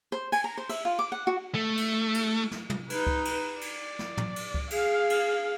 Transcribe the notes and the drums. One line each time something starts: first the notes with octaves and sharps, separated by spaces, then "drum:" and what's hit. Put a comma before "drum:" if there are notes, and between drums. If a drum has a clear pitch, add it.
C5
G#5, drum: cymbal
A#5
C5
E5, drum: cymbal
F4
D6
F#5
F#4
A3
drum: cymbal
drum: cymbal
drum: snare
drum: tom
D#4 B4, drum: cymbal
drum: kick C#2
drum: cymbal
D5, drum: cymbal
drum: snare
drum: tom
drum: cymbal
drum: kick C#2
G#4 F5, drum: cymbal
drum: cymbal